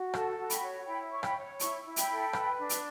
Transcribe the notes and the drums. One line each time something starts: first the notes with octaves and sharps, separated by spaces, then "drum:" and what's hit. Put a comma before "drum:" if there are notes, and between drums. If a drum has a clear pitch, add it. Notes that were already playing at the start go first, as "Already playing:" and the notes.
Already playing: F#4
A4 F#5 A5, drum: rim click
F#4
G5 B5, drum: hi-hat
C#5
E4 G5 B5
C#5 C#6
G5 B5, drum: rim click
C#5
E4 A5 C#6, drum: hi-hat
E4
G5 B5, drum: hi-hat
A4
B4, drum: rim click
D4
drum: hi-hat